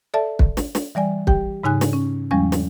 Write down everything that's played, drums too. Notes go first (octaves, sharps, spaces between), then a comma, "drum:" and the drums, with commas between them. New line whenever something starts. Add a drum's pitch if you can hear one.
A4 D5 E5 A5
drum: kick
drum: snare
drum: snare
E3 G3 D5 G#5
G4 G5, drum: kick
G#2 C#3 D#4 G#5 F#6
drum: snare
C#4
E2 F3 G3 G#3 C#4 G#5
drum: snare